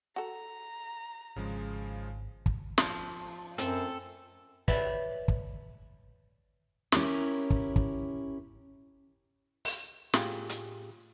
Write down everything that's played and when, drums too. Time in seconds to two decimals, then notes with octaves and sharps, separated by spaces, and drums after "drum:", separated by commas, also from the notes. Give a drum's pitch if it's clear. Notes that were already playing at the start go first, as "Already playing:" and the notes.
0.16 F#4 A4 A#5
1.36 G#1 C#3 F3 G#3
2.46 drum: kick
2.78 F3, drum: snare
3.58 F#2 C4 A4, drum: hi-hat
4.68 B4 C#5 D5 E5, drum: kick
5.28 drum: kick
6.92 C#4 E4 G4 A#4, drum: snare
7.50 drum: kick
7.76 drum: kick
9.65 drum: open hi-hat
10.14 A2 F4 G4 G#4, drum: snare
10.49 drum: hi-hat